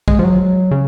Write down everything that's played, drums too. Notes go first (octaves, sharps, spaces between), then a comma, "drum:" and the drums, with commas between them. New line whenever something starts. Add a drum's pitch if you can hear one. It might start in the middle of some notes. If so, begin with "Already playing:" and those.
G#3, drum: kick
F3
F#3
C#3